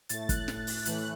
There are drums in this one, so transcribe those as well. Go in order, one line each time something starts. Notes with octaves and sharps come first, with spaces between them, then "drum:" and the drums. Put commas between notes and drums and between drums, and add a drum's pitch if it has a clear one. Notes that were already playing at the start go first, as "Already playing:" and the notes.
A2 A3 A6, drum: hi-hat
F#6, drum: kick F#1, hi-hat
drum: snare
drum: open hi-hat
A2 E3 A3 F#6, drum: hi-hat